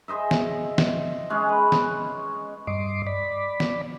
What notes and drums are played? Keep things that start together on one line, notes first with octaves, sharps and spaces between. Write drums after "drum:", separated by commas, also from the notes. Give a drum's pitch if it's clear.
G#4 C5 D#5 E5
drum: snare
drum: snare
G#3 C#4 G#4
B4
drum: snare
G2 D#5 C6 D6
D5 B5
drum: snare